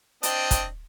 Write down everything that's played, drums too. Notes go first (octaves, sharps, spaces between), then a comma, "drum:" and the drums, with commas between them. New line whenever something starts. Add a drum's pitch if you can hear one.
C4 D4 D#5, drum: hi-hat
drum: kick, hi-hat